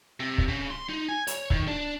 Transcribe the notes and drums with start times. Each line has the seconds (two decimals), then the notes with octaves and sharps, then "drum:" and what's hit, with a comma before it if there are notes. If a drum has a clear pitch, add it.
0.20 C3
0.38 drum: kick C#1
0.48 C#3
0.71 C6
0.89 D#4
1.09 G#5
1.27 C#5, drum: hi-hat
1.50 D#3, drum: kick C#1
1.68 D4